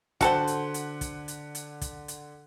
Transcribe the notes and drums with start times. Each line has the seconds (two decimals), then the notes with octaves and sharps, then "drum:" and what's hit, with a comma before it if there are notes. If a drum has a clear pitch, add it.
0.21 D3 F#4 A4 C5 F#5, drum: kick, hi-hat
0.47 drum: hi-hat
0.74 drum: hi-hat
1.01 drum: kick, hi-hat
1.28 drum: hi-hat
1.55 drum: hi-hat
1.81 drum: kick, hi-hat
2.08 drum: hi-hat